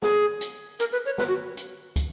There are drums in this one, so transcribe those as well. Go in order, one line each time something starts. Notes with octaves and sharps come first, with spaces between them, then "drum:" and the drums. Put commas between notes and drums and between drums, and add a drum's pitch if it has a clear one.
G#4, drum: snare
drum: hi-hat
A#4, drum: hi-hat
B4
C#5
B4, drum: snare
F#4
drum: hi-hat
drum: kick, hi-hat